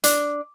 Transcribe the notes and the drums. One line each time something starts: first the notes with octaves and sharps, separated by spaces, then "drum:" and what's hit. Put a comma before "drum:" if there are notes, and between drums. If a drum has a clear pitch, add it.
D4, drum: hi-hat